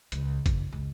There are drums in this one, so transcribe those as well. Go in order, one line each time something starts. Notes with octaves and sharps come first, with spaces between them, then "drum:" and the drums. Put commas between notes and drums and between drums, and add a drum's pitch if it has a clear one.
C#2, drum: hi-hat
F#1, drum: kick G#1, hi-hat
C#2